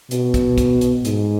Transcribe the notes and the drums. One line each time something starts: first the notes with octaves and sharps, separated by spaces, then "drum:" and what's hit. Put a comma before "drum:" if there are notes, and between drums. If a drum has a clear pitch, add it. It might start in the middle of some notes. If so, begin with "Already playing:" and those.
B2, drum: hi-hat
drum: kick, hi-hat
drum: kick, hi-hat
drum: hi-hat
G#2, drum: hi-hat